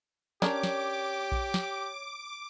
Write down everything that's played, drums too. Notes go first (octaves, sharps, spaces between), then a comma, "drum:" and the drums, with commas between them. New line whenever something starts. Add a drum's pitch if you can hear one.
C#4 D4 G4 A#4 C#5 D6, drum: snare
drum: snare
drum: kick A#1
drum: snare